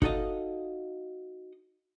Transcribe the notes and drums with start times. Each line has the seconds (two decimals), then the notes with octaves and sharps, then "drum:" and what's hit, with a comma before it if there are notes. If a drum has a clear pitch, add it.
0.02 D#4 F#4 A4 D5 D#5 F5, drum: kick